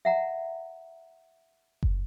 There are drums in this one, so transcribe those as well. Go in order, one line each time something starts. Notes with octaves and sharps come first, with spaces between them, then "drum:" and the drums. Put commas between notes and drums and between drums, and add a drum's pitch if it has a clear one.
E5 F#5 A#5
drum: kick F#1